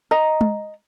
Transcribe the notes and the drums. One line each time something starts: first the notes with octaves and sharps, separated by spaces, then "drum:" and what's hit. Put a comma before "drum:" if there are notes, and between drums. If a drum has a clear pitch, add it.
D#5 A#5
drum: tom G#3